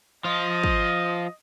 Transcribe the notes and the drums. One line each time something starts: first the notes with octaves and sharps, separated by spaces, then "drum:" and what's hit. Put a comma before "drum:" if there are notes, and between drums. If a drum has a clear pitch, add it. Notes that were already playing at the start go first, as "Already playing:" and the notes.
F3 F4 D#5
drum: kick